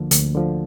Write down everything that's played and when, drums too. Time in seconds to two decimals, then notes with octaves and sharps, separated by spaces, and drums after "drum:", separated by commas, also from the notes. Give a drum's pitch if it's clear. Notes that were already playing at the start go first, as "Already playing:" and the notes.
Already playing: D2 D3 F3 A#3
0.11 D2, drum: hi-hat
0.35 D3 F3